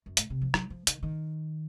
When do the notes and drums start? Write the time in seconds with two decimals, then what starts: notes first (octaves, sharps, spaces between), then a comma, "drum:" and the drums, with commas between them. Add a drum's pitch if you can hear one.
0.06 F#2
0.17 A2, drum: hi-hat
0.30 C3
0.41 F3
0.54 F#3, drum: rim click
0.70 F3
0.87 D#3, drum: hi-hat
1.03 D#3